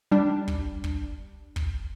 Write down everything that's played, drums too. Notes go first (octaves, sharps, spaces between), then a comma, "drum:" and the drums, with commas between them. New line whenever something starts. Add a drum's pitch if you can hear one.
G3 D4
drum: kick
drum: kick
drum: kick